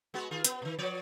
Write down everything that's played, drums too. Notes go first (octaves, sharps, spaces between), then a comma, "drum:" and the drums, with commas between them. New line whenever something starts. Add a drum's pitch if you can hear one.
G#3 B3 F#4
D#3 F4 G#4
B3, drum: hi-hat
A#2 D#3
F3 C#5 D5